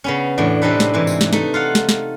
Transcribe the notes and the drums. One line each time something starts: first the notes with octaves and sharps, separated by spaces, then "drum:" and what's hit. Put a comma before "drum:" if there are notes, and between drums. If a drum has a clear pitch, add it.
C#3 B3 C#4
E2 A2 D4
C3 C4 D4 D#4 A4 B4
drum: snare
G#2 C3 E3
drum: tambourine
drum: snare
A3 D#4, drum: snare
F4 F5 F#5
drum: snare
drum: snare